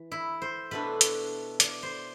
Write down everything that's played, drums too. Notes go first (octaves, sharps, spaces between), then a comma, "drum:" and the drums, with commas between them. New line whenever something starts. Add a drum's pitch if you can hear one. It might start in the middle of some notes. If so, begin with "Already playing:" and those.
Already playing: E3
E4
C5
B2 A3 D4 B4
drum: hi-hat
D5, drum: hi-hat
C5